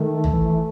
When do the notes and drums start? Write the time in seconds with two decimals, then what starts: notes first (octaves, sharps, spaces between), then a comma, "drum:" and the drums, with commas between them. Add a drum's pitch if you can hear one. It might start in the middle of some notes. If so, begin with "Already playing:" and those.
Already playing: D#3 A3
0.24 drum: tom
0.33 E3